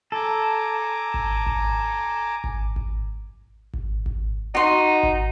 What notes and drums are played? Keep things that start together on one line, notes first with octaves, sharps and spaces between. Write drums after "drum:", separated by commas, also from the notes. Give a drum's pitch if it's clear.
A4 G#5 A#5 D6
drum: kick G#1
drum: kick G#1
drum: kick G#1
drum: kick G#1
drum: kick G#1
drum: kick G#1
D#4 F#4 C6
drum: kick G#1